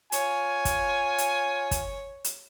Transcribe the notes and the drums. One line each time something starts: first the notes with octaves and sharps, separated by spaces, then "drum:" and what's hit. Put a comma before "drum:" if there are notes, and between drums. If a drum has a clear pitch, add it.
F4 C#5 G#5, drum: hi-hat
drum: kick, hi-hat
drum: hi-hat
drum: kick, hi-hat
drum: hi-hat